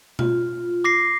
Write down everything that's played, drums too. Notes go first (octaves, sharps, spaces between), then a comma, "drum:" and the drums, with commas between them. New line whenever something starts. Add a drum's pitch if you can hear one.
F4, drum: tom B2
D6 A#6 C7